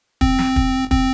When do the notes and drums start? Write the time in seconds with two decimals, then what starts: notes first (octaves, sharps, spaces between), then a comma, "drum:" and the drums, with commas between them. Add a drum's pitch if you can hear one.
0.21 C4, drum: kick
0.39 drum: snare
0.56 drum: kick
0.91 C4, drum: kick